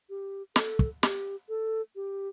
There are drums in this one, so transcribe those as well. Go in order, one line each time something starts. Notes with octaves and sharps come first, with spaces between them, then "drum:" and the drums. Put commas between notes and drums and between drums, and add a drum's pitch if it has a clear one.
G4
A4, drum: snare
drum: kick
G4, drum: snare
A4
G4